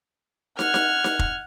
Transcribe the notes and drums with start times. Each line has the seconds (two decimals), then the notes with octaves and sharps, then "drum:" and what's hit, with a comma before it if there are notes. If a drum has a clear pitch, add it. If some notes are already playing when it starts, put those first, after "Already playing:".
0.59 F#5 F6 G#6, drum: snare
0.74 drum: snare
1.04 drum: snare
1.19 drum: kick F1